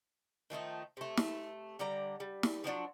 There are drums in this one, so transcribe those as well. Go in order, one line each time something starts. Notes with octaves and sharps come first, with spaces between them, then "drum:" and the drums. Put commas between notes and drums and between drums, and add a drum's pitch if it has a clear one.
D#3 F3 A3 D#4
C3 A3
drum: snare
D3 G3 D5 A#5
G3
drum: snare
F3 F#3 D4 F#4